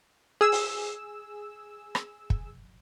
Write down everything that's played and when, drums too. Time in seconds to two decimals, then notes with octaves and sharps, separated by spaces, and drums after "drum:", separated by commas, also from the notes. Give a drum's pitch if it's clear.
0.41 G#4 E6
0.52 drum: open hi-hat
1.95 drum: rim click
2.30 drum: kick